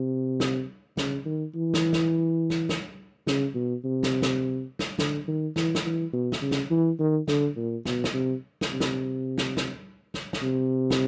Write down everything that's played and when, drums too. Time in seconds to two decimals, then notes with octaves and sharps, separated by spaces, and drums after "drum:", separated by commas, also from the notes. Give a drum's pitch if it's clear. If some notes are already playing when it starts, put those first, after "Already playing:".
Already playing: C3
0.40 drum: snare
0.97 C#3, drum: snare
1.25 D#3
1.55 E3
1.74 drum: snare
1.93 drum: snare
2.50 drum: snare
2.69 drum: snare
3.27 C#3, drum: snare
3.55 B2
3.84 C3
4.03 drum: snare
4.22 drum: snare
4.79 drum: snare
4.98 D3, drum: snare
5.28 D#3
5.56 E3, drum: snare
5.75 drum: snare
5.85 E3
6.13 B2
6.32 drum: snare
6.41 C#3
6.51 drum: snare
6.71 E3
7.00 D#3
7.28 D3, drum: snare
7.57 A#2
7.85 B2, drum: snare
8.04 drum: snare
8.14 C3
8.61 drum: snare
8.71 C3
8.80 drum: snare
9.38 drum: snare
9.57 drum: snare
10.14 drum: snare
10.33 drum: snare
10.43 C3
10.90 drum: snare